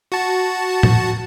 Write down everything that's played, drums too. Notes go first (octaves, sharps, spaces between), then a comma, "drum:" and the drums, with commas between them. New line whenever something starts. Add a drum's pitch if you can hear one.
F#4 A5
drum: tom A2